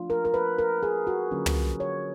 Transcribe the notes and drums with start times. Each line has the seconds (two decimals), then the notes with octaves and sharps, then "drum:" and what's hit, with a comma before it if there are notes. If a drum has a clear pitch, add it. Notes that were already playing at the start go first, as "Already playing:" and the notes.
Already playing: F3 A3 D4 F4
0.10 A#4
0.25 A#4
0.34 B4
0.58 A#4
0.83 G#4
1.07 F#4
1.31 D3 F#3 A#3 C#4 F4
1.46 drum: tom
1.80 C#5